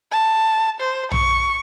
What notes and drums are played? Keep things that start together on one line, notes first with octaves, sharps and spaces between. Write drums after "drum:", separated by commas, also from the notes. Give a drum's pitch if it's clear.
A5
C5
C#6, drum: tom A#1